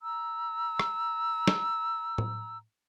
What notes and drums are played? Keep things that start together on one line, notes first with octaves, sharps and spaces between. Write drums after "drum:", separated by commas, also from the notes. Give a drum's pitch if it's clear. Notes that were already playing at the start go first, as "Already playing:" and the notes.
A#5 E6
drum: rim click
drum: snare
drum: tom A2